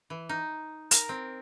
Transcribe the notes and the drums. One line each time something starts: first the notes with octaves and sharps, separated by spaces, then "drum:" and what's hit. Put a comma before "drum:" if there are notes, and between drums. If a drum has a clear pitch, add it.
E3
D#4
A#4, drum: hi-hat
C4